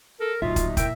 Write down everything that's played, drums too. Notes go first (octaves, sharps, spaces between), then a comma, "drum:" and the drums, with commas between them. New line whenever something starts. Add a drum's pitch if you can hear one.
A4 A#4
D1 A#2 F#3 D#4 F4 E5
drum: kick, hi-hat
A#2 E4 A#4 E5 G5, drum: kick, hi-hat